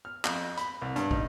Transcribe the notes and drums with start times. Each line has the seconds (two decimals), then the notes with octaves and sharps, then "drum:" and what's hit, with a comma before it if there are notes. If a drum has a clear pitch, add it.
0.05 F6
0.25 F2, drum: clap
0.57 B5, drum: hi-hat
0.82 C2
0.96 G2, drum: hi-hat
1.11 D#4, drum: kick